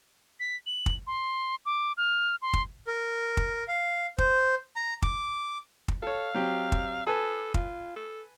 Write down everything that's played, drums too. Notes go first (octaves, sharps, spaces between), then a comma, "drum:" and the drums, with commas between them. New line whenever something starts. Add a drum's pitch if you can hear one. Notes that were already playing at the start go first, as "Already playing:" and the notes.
B6
F#7
drum: kick
C6
D6
F6
C6
drum: kick
A#4
drum: kick
F5
C5, drum: kick
A#5
D6, drum: kick
drum: kick
A4 C#5 F5
F#3 C4 G4
drum: kick
A4 B4 G#5 A5
F4, drum: kick
A4